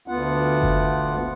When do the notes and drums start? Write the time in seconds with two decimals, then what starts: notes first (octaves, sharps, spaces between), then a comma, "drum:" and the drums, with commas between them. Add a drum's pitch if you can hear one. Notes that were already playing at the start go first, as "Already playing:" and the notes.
0.08 D2 B3 F4 F#5
0.62 drum: kick F#1